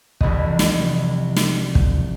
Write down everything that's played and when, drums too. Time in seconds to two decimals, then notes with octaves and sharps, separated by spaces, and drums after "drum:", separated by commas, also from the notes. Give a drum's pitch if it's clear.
0.21 F1 C2 E3 D#5, drum: kick
0.59 drum: snare
1.37 drum: snare
1.75 drum: kick